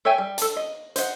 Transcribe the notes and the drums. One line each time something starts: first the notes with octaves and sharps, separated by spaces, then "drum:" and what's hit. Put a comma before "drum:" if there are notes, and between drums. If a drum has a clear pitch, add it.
A4 C#5 E5 G5 G#5
G3
A4 A5, drum: hi-hat
D#5
C5 D#5 F#5, drum: hi-hat